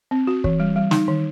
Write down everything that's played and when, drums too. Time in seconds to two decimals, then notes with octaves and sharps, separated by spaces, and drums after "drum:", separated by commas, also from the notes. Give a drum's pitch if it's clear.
0.11 C4
0.27 F#4
0.44 E3, drum: kick
0.60 G3
0.76 G3
0.91 D#4, drum: snare
1.08 D#3